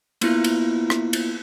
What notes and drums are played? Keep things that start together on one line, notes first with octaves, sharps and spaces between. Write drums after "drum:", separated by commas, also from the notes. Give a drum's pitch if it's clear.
A#3 B3 E4 F4, drum: cymbal
drum: cymbal
drum: rim click
drum: cymbal